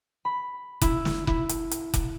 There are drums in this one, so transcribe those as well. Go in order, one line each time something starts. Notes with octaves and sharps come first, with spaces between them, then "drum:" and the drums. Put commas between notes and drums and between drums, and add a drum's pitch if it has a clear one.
B5
E4, drum: kick F1, hi-hat
drum: snare
E4, drum: kick F1
drum: hi-hat
drum: hi-hat
drum: kick F1, hi-hat